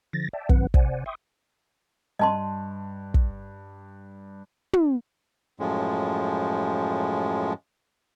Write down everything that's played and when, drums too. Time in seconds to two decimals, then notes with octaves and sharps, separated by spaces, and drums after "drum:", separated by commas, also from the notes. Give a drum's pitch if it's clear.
0.13 D3 F3 A6 A#6
0.33 D5 E5 G5 A5
0.49 G2 D#3 F#3 C4 B4 F#5, drum: kick
0.74 C3 C5 D5 F#5 G#5, drum: kick
1.06 E5 G5 C6 C#6 D#6
2.19 G2 D#5 A5 C6
3.14 drum: kick
4.73 drum: tom
5.60 F#2 A2 F3 G#3